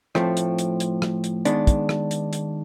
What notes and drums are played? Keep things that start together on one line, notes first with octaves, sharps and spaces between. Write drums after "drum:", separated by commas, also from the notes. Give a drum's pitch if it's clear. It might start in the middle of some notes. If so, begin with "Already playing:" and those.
A2 F3 A3 C4, drum: rim click
drum: hi-hat
drum: hi-hat
drum: hi-hat
drum: rim click
drum: hi-hat
D#3 G#3 B3 D4, drum: hi-hat
drum: kick, hi-hat
drum: rim click
drum: hi-hat
drum: hi-hat